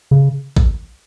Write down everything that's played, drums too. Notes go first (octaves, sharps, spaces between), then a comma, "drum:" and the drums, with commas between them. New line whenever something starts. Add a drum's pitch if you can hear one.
C#3
drum: kick